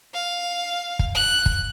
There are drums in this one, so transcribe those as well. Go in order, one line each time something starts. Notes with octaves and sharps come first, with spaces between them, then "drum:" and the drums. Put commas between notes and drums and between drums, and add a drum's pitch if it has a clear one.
F5
drum: kick
F#6
drum: kick